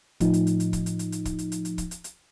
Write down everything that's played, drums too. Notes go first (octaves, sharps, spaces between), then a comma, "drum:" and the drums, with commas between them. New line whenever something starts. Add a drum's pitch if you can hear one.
A2 F3 D#4, drum: kick, hi-hat
drum: hi-hat
drum: hi-hat
drum: hi-hat
drum: kick, hi-hat
drum: hi-hat
drum: hi-hat
drum: hi-hat
drum: kick, hi-hat
drum: hi-hat
drum: hi-hat
drum: hi-hat
drum: kick, hi-hat
drum: hi-hat
drum: hi-hat